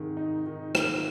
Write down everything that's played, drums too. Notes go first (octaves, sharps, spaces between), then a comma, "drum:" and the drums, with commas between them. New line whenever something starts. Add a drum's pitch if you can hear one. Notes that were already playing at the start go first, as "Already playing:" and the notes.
Already playing: G#2 C3 D#3
D#4
D#3
A#3, drum: rim click